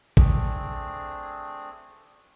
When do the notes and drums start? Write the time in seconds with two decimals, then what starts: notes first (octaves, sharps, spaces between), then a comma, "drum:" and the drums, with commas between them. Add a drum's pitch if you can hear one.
0.17 A3 C4 D4 G#4, drum: kick A1